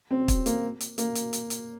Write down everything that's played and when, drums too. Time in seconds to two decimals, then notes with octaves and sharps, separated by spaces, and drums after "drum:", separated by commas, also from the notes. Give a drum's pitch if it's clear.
0.11 C4
0.28 drum: kick, hi-hat
0.46 A#3, drum: hi-hat
0.80 drum: hi-hat
0.98 A#3, drum: hi-hat
1.15 drum: hi-hat
1.33 drum: hi-hat
1.50 drum: hi-hat